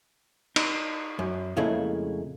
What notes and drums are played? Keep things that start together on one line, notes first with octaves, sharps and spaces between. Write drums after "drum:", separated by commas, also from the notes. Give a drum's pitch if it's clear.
D#4, drum: cymbal
F#2
F2 A#2 C#3 G#3 A3 E4